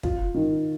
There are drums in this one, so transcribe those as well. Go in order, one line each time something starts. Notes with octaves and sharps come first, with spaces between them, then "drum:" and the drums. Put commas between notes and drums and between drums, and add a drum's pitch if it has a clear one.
F4, drum: kick
D#3